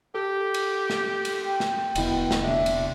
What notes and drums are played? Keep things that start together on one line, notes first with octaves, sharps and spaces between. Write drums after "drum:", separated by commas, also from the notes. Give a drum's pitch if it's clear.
G4 A4
drum: cymbal
drum: snare
drum: cymbal
G5
drum: snare
E1 B2 D3 B3 E4, drum: cymbal
drum: snare
C3 D4 E5
drum: cymbal